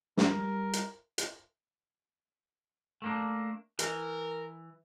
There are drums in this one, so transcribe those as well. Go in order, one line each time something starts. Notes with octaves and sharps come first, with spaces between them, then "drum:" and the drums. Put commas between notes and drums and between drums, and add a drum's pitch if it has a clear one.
G3 A#4, drum: snare
drum: hi-hat
drum: hi-hat
A3 A#3 D4
E3 A#4, drum: hi-hat